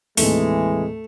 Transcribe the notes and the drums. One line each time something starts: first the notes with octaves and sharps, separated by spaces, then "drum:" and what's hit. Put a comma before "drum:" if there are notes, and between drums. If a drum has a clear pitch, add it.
D#2 A2 C3 E3 G#3 A3, drum: open hi-hat